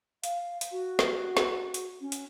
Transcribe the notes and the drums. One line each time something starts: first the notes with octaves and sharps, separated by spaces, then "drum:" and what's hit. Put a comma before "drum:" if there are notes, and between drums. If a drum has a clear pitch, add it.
F5, drum: hi-hat
drum: hi-hat
F#4
drum: snare
drum: snare
drum: hi-hat
C#4
drum: hi-hat